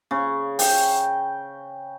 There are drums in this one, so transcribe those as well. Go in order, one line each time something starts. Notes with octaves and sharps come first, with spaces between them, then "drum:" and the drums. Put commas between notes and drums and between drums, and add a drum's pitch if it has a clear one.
C#3
G5, drum: open hi-hat